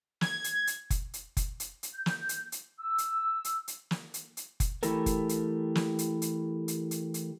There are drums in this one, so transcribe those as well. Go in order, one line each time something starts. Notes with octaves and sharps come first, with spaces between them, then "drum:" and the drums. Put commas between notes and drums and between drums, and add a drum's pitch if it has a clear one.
G#6, drum: snare
drum: hi-hat
drum: hi-hat
drum: kick, hi-hat
drum: hi-hat
drum: kick, hi-hat
drum: hi-hat
drum: hi-hat
G6
drum: snare
drum: hi-hat
drum: hi-hat
E6
drum: hi-hat
drum: hi-hat
drum: hi-hat
drum: snare
drum: hi-hat
drum: hi-hat
drum: kick, hi-hat
E3 A3 E4 G4 A4 A#4, drum: hi-hat
drum: kick, hi-hat
drum: hi-hat
drum: snare
drum: hi-hat
drum: hi-hat
drum: hi-hat
drum: hi-hat
drum: hi-hat